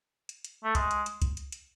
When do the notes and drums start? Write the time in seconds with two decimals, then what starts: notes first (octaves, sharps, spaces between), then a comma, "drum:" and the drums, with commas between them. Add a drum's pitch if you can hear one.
0.29 drum: hi-hat
0.44 drum: hi-hat
0.64 A3
0.75 G#3, drum: kick C2, hi-hat
0.91 drum: hi-hat
1.06 drum: hi-hat
1.22 drum: kick C2, hi-hat
1.37 drum: hi-hat
1.52 drum: hi-hat